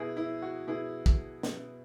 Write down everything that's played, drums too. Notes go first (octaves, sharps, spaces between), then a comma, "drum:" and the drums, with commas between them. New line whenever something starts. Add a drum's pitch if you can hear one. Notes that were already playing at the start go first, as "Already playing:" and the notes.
Already playing: B2 E4 G#4
E4
F#4
B2 E4 G#4
drum: kick
B2, drum: snare